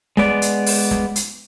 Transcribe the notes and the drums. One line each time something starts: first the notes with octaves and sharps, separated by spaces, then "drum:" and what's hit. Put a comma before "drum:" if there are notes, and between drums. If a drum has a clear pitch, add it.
G#3 B3 D5, drum: snare
drum: hi-hat
drum: open hi-hat
drum: snare
drum: hi-hat